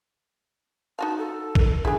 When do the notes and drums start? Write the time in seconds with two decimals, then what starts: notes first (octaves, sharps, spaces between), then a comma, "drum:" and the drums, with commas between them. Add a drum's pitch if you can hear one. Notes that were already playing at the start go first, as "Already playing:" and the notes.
0.99 D#4 F#4 F5 A5
1.18 A4
1.55 A#4, drum: kick A#1
1.85 D4 E4 G#4 G#5